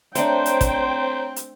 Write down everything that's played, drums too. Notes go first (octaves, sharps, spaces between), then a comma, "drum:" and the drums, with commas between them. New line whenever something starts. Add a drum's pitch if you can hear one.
A3 C4 D4 C5 C#5 G5 A#5, drum: hi-hat
drum: hi-hat
drum: kick, hi-hat
drum: hi-hat